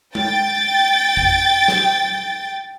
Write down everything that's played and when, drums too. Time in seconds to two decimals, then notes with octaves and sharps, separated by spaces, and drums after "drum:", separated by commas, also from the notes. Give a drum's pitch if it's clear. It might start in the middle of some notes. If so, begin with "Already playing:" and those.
0.15 G5 A6, drum: tom G#3
1.17 drum: kick G#1
1.68 drum: snare